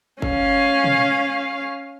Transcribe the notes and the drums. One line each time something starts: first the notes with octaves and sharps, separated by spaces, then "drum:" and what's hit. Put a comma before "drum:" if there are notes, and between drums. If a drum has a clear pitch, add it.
C#4 F5, drum: kick G1
drum: tom